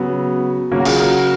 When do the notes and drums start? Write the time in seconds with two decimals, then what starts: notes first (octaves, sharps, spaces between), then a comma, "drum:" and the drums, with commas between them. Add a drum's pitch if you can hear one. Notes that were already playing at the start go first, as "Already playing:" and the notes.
Already playing: C#3 F#3 B3
0.72 C#3 F#3 A#3 C#4
0.80 F#4
0.85 F4 G#4, drum: cymbal
0.99 F#4 A#4